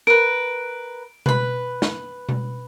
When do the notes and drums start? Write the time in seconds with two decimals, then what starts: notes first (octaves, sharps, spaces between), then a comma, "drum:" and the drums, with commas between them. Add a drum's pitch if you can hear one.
0.07 A#4 B4 D7
1.26 B4 B5, drum: tom B2
1.82 drum: snare
2.29 drum: tom B2